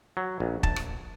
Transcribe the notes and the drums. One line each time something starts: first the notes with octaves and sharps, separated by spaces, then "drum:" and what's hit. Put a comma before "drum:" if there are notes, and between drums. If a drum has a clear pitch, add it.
F#3
A#1
A5, drum: kick
drum: rim click